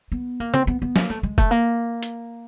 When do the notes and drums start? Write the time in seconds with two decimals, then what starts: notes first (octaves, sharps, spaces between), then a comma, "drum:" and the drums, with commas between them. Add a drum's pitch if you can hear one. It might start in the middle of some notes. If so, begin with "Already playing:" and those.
0.12 B3
0.40 A#3
0.54 C4, drum: tom
0.67 B3
0.82 B3
0.96 A#3, drum: snare
1.10 A3
1.23 G#3
1.38 A3, drum: kick
1.51 A#3
2.02 drum: hi-hat